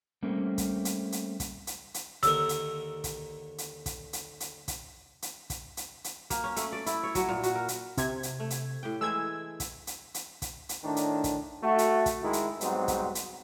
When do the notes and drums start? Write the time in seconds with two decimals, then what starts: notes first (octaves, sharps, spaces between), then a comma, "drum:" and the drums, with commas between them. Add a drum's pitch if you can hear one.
0.23 G3 A3 A#3 C4 C#4
0.58 drum: kick, hi-hat
0.85 drum: hi-hat
1.12 drum: hi-hat
1.40 drum: kick, hi-hat
1.67 drum: hi-hat
1.94 drum: hi-hat
2.23 D#2 D3 A#4 E6, drum: kick, hi-hat
2.49 drum: hi-hat
3.04 drum: kick, hi-hat
3.58 drum: hi-hat
3.86 drum: kick, hi-hat
4.13 drum: hi-hat
4.40 drum: hi-hat
4.68 drum: kick, hi-hat
5.22 drum: hi-hat
5.50 drum: kick, hi-hat
5.77 drum: hi-hat
6.04 drum: hi-hat
6.30 A#3, drum: kick, hi-hat
6.44 C#4
6.56 A3, drum: hi-hat
6.72 D5
6.86 E4, drum: hi-hat
7.03 C#5
7.15 F#3, drum: kick, hi-hat
7.29 A#2
7.43 F#4, drum: hi-hat
7.55 A#4
7.68 drum: hi-hat
7.97 C3 G#6, drum: kick, hi-hat
8.23 drum: hi-hat
8.40 A3
8.50 drum: hi-hat
8.83 A2 G4 G5
9.01 E3 G#3 A3 E6 G#6
9.60 drum: kick, hi-hat
9.87 drum: hi-hat
10.14 drum: hi-hat
10.42 drum: kick, hi-hat
10.69 drum: hi-hat
10.84 A2 D#3 D4
10.96 drum: hi-hat
11.24 drum: kick, hi-hat
11.63 A3 F#4
11.78 drum: hi-hat
12.06 drum: kick, hi-hat
12.22 D#3 G#3 E4
12.33 drum: hi-hat
12.61 G#2 F#3 G3 B3 C4, drum: hi-hat
12.88 drum: kick, hi-hat
13.15 drum: hi-hat